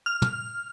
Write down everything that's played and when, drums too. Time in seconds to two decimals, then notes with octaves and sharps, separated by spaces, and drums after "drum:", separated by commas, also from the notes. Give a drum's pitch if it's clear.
0.06 F6
0.22 drum: tom